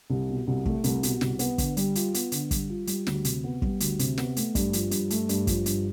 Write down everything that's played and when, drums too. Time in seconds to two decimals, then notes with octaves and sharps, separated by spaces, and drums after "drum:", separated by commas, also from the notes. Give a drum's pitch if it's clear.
0.10 C2
0.29 B2
0.47 C2
0.65 A3, drum: kick
0.84 C2, drum: hi-hat
1.03 B2, drum: hi-hat
1.21 C2, drum: snare
1.39 B3, drum: hi-hat
1.58 D3, drum: kick, hi-hat
1.77 G3, drum: hi-hat
1.95 F4, drum: hi-hat
2.14 B3, drum: hi-hat
2.32 D3, drum: hi-hat
2.51 G3, drum: kick, hi-hat
2.69 F4
2.87 G3, drum: hi-hat
3.07 D2, drum: snare
3.25 C3, drum: hi-hat
3.44 B3
3.62 G3, drum: kick
3.80 D2, drum: hi-hat
3.99 C3, drum: hi-hat
4.18 B3, drum: snare
4.36 A3, drum: hi-hat
4.55 G2, drum: kick, hi-hat
4.73 F3, drum: hi-hat
4.91 G2, drum: hi-hat
5.10 A3, drum: hi-hat
5.29 G2, drum: hi-hat
5.47 F3, drum: kick, hi-hat
5.66 G2, drum: hi-hat